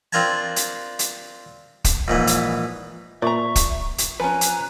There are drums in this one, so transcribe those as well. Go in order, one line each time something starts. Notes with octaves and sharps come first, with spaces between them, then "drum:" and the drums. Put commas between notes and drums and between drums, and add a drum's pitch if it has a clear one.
C4 D4 F4 A#4 G#5 A5
drum: hi-hat
drum: hi-hat
drum: kick, hi-hat
A#1 G#2 E3
drum: hi-hat
A#2 D5 E5 A#5 C#6
drum: kick, hi-hat
drum: hi-hat
F3 C#4 B4 G#5 A#5 F#6
drum: hi-hat